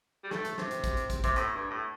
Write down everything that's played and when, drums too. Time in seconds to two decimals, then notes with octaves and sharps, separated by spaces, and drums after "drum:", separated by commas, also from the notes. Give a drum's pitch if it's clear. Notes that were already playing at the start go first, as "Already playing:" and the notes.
0.24 G3
0.31 A3, drum: snare
0.45 drum: hi-hat
0.58 C3, drum: snare
0.71 drum: hi-hat
0.84 drum: kick, hi-hat
0.97 drum: hi-hat
1.10 drum: kick, hi-hat
1.24 C3, drum: kick, hi-hat
1.36 A2, drum: hi-hat
1.54 G2
1.71 A2